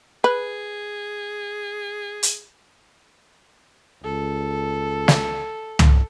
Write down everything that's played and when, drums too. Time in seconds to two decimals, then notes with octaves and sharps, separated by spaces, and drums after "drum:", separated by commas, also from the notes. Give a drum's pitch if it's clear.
0.24 G#4 B4
2.23 drum: hi-hat
4.04 C#2 A4
5.08 drum: snare
5.79 drum: tom